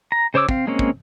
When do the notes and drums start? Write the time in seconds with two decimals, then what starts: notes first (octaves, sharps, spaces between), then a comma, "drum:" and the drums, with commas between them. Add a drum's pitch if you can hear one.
0.12 A#5
0.34 C#3 C5 C#5 D6 E6
0.49 C4 F5, drum: kick
0.67 G#3 A#3 C4 C#4
0.79 drum: kick